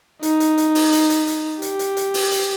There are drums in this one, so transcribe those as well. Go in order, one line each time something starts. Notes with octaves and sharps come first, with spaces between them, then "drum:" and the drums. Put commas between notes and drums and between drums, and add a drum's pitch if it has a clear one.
D#4, drum: hi-hat
drum: hi-hat
drum: hi-hat
drum: open hi-hat
drum: hi-hat
drum: hi-hat
drum: hi-hat
G4, drum: hi-hat
drum: hi-hat
drum: hi-hat
drum: open hi-hat
drum: hi-hat